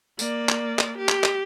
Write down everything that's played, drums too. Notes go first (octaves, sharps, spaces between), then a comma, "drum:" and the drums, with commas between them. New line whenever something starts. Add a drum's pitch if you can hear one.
A#3 D5, drum: tambourine
drum: clap
drum: clap
G4
drum: clap
drum: clap